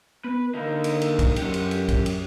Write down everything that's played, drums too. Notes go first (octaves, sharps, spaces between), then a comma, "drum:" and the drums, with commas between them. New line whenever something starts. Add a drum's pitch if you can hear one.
B3 B4
D3 A#3 D#4
drum: cymbal
drum: cymbal
drum: kick, cymbal
F#2 G4 F#5, drum: cymbal
drum: cymbal
drum: cymbal
drum: kick, cymbal
drum: cymbal